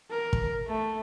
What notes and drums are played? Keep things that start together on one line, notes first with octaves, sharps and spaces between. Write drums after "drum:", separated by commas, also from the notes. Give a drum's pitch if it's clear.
A#4
drum: kick
A3